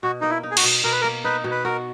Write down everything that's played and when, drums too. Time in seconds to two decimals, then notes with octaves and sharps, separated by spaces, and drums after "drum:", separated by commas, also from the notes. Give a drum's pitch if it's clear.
0.03 B2 F#4
0.21 A#3 D#4
0.30 E4
0.43 D#4
0.51 G#4
0.57 F#4, drum: cymbal
0.64 B2
0.84 B2 A#4
0.92 B4
1.01 A#4
1.04 A#3
1.24 D#4 B4
1.44 B2
1.51 B4
1.65 F#4 A#4